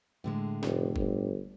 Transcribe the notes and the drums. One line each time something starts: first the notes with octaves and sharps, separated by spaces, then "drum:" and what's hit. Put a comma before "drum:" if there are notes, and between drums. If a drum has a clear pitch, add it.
A2 D3 G#3
F1, drum: snare
G1, drum: kick